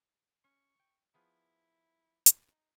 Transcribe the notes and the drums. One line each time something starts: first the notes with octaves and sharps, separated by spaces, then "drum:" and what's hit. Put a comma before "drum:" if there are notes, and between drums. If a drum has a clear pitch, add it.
C#4 C#6
G5
F3 B3 E4 G#4
drum: hi-hat
D#4